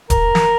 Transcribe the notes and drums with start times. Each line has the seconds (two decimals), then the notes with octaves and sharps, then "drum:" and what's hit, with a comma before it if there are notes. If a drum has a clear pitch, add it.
0.10 A#4, drum: kick D1, hi-hat
0.35 drum: snare